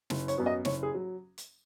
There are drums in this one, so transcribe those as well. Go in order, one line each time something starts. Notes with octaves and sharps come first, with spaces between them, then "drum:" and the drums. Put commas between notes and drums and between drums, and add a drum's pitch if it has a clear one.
F#1, drum: snare
C#5, drum: hi-hat
F#2 F#3 B3
D#5
F#1 C#5, drum: snare
G#4
F#3
drum: hi-hat